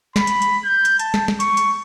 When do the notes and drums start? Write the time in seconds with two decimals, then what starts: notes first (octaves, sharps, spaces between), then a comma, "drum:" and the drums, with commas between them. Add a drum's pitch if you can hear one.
0.16 B5, drum: snare
0.27 drum: hi-hat
0.42 drum: hi-hat
0.64 G6
0.85 drum: hi-hat
0.99 A5, drum: hi-hat
1.14 drum: snare
1.28 drum: snare
1.40 C#6, drum: hi-hat
1.57 drum: hi-hat